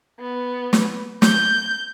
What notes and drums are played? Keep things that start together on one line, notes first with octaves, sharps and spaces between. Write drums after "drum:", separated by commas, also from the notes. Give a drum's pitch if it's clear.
B3
drum: snare
G6, drum: snare